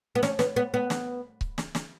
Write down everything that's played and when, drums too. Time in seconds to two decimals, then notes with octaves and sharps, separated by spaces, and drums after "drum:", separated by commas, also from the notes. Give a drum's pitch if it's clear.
0.15 B3
0.23 C#4, drum: snare
0.39 B3, drum: snare
0.56 B3
0.74 B3
0.90 drum: snare
1.41 drum: kick C#1
1.58 drum: snare
1.75 drum: snare